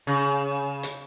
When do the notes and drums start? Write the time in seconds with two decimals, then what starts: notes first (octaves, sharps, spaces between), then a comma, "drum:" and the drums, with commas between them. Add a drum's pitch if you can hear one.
0.07 C#3
0.83 drum: hi-hat